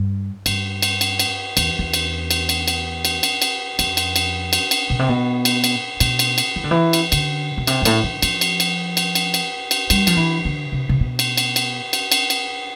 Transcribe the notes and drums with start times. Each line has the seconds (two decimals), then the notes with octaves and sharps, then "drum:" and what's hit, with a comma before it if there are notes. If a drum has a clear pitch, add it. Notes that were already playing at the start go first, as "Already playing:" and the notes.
Already playing: G2
0.46 G2, drum: cymbal
0.82 drum: cymbal
1.01 drum: cymbal
1.19 drum: cymbal
1.57 E2, drum: cymbal
1.79 E2
1.93 drum: cymbal
2.31 drum: cymbal
2.49 drum: cymbal
2.68 drum: cymbal
3.05 drum: cymbal
3.23 drum: cymbal
3.42 drum: cymbal
3.79 F2, drum: cymbal
3.97 drum: cymbal
4.16 drum: cymbal
4.53 drum: cymbal
4.71 drum: cymbal
4.90 B2
4.99 C3
5.08 B2
5.45 drum: cymbal
5.64 drum: cymbal
6.00 B2, drum: cymbal
6.19 drum: cymbal
6.38 drum: cymbal
6.56 E3
6.64 D3
6.71 E3
6.93 drum: cymbal
7.12 D3, drum: cymbal
7.58 B2
7.67 C3, drum: cymbal
7.82 G2
7.85 A2, drum: cymbal
8.04 E3
8.22 F3, drum: cymbal
8.41 drum: cymbal
8.60 drum: cymbal
8.97 drum: cymbal
9.15 drum: cymbal
9.34 drum: cymbal
9.71 drum: cymbal
9.90 G3, drum: cymbal
10.07 F3, drum: cymbal
10.17 E3
10.45 D3
10.72 C3
10.89 C3
11.01 B2
11.19 drum: cymbal
11.37 drum: cymbal
11.56 drum: cymbal
11.93 drum: cymbal
12.12 drum: cymbal
12.30 drum: cymbal